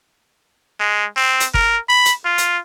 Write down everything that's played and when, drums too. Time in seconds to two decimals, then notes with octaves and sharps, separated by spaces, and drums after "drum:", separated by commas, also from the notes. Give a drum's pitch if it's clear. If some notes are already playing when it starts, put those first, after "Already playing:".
0.80 G#3
1.16 C4
1.40 drum: hi-hat
1.54 A#4, drum: kick G1
1.89 B5
2.05 drum: hi-hat
2.25 F4
2.38 drum: hi-hat